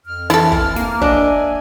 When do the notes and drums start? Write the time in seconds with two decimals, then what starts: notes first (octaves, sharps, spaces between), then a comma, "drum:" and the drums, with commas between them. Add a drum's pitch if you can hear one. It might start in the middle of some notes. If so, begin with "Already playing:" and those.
0.05 F2 F6
0.30 E3 E4 A4, drum: snare
0.52 drum: kick
0.76 A#3, drum: snare
1.02 D4 D#5 E5 G#5, drum: kick